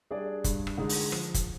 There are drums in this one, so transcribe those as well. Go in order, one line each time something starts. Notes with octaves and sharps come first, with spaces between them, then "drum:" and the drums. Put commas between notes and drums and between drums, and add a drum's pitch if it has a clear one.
G3 D4 G#4 D5
G2, drum: kick, hi-hat
drum: rim click
D3 G#3 D#4 G#4
drum: open hi-hat
F3, drum: rim click
drum: kick, hi-hat